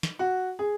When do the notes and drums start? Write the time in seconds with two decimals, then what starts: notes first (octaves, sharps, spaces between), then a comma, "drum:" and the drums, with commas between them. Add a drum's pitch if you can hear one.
0.03 drum: snare
0.19 F#4
0.59 G#4